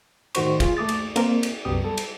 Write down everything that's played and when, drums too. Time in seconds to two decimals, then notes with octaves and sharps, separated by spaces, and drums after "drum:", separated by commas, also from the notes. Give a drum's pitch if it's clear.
0.35 A2 D#3 F#4 C5 C#6, drum: cymbal
0.60 F4 G#4, drum: kick, cymbal
0.77 A3 D6 D#6 A6
0.89 drum: cymbal
1.16 A#3 C4 A#4, drum: cymbal
1.43 drum: cymbal
1.65 C2 F#2 F#3 B3 G4 D#6
1.84 G3 A4
1.98 drum: cymbal